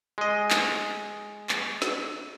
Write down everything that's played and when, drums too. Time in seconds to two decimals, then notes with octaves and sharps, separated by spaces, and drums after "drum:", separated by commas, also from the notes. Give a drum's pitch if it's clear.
0.18 G#3 D#5
0.50 drum: clap
1.49 drum: clap
1.82 drum: snare